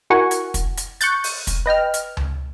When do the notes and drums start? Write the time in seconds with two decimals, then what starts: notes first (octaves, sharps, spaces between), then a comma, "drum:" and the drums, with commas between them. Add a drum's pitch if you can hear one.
0.10 E4 F#4 A#4 F#5 G#5 C#6
0.31 drum: hi-hat
0.54 drum: kick, hi-hat
0.77 drum: hi-hat
1.01 C#6 F#6 G6 A6, drum: hi-hat
1.24 drum: open hi-hat
1.47 drum: kick, hi-hat
1.66 B4 D#5 G5 F6
1.94 drum: hi-hat
2.17 drum: tom C#2